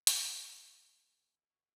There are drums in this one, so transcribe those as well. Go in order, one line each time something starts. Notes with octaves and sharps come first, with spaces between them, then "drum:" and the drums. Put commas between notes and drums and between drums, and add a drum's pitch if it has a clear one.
G#5, drum: hi-hat
D4
B3
F4
G#5
A3
E4
F#4